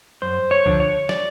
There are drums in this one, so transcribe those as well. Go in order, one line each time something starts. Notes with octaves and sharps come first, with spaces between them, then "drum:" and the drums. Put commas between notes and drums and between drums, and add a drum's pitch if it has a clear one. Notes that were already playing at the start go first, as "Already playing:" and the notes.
F#2 C5
C#5
D3 F3, drum: kick C2
C#5
D5, drum: snare